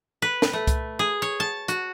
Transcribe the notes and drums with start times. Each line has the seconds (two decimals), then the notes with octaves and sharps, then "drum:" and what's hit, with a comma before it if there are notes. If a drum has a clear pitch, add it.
0.22 B4
0.42 drum: snare
0.53 A3
0.67 drum: kick C2, hi-hat
0.99 G#4
1.22 C#5
1.40 A5
1.68 F#4, drum: hi-hat